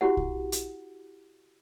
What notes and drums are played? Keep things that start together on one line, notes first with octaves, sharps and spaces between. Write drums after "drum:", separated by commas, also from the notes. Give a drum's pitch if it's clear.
E4 F#4 G4 F#5
drum: kick B1
drum: hi-hat